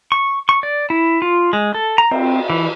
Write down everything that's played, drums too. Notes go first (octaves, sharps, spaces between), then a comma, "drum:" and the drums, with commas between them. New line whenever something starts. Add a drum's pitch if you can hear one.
C#6
C#6
D5
E4
F4
G#3
A4
A#5
C4, drum: cymbal
E3